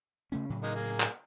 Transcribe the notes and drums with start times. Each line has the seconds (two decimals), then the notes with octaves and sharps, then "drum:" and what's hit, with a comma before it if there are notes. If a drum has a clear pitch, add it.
0.32 C#3 A3 C#4
0.50 A2 C#3 F#3
0.64 G#3 A#3 D#4
0.76 A#3 G#4
1.00 drum: clap